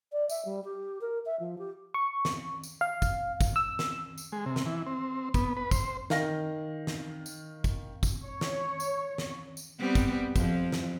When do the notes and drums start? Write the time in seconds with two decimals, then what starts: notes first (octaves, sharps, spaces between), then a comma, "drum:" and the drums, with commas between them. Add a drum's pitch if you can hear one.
0.12 D5
0.30 E5, drum: tambourine
0.45 G3
0.64 G4
1.01 A#4
1.26 E5
1.40 F3
1.58 G4
1.94 C#6
2.25 drum: snare
2.63 drum: tambourine
2.81 F5
3.02 drum: kick, tambourine
3.41 drum: kick, tambourine
3.56 E6
3.79 drum: snare
4.18 drum: tambourine
4.32 G#3
4.46 C3
4.56 drum: snare
4.66 E3
4.86 C4
5.34 B3, drum: kick, tambourine
5.57 B4
5.71 C5, drum: kick, tambourine
6.10 D#3 F5 A#6, drum: snare
6.87 drum: snare
7.26 drum: tambourine
7.64 drum: kick, tambourine
8.03 drum: kick, tambourine
8.24 C#5
8.41 drum: snare
8.80 drum: tambourine
9.18 drum: snare
9.57 drum: tambourine
9.79 G3 B3 C4
9.95 drum: kick, tambourine
10.36 F2 F3, drum: kick, tambourine
10.72 drum: snare